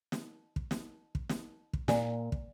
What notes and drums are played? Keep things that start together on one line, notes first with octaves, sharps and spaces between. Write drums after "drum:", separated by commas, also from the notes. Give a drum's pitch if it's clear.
drum: snare
drum: kick
drum: snare
drum: kick
drum: snare
drum: kick
A#2 D5 G#5, drum: snare
drum: kick